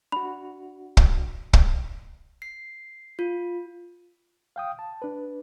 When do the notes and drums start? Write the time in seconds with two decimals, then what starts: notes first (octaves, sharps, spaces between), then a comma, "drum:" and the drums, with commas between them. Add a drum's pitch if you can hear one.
0.12 D4 F#4 B5
0.97 drum: kick
1.53 drum: kick
2.42 C7
3.19 F4
4.56 F5 G5 D#6
4.79 A5
5.02 D4 B4